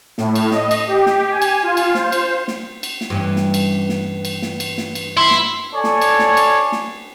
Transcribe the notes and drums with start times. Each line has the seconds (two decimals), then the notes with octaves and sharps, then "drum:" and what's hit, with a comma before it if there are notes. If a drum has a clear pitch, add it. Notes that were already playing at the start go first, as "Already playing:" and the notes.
0.18 A2, drum: snare
0.35 drum: cymbal
0.51 D#5, drum: snare
0.71 drum: cymbal
0.88 G4
1.06 drum: snare
1.31 G#5
1.42 drum: cymbal
1.63 F4
1.77 drum: cymbal
1.95 C5, drum: snare
2.12 drum: cymbal
2.48 drum: snare
2.83 drum: cymbal
3.01 drum: snare
3.10 G2 E3 C#4
3.36 drum: snare
3.54 drum: cymbal
3.89 drum: snare
4.25 drum: cymbal
4.42 drum: snare
4.60 drum: cymbal
4.78 drum: snare
4.95 drum: cymbal
5.17 E4 C6
5.31 drum: snare
5.74 A4 C#5 D5 G#5
5.84 drum: snare
6.02 drum: cymbal
6.19 drum: snare
6.37 drum: cymbal
6.72 drum: snare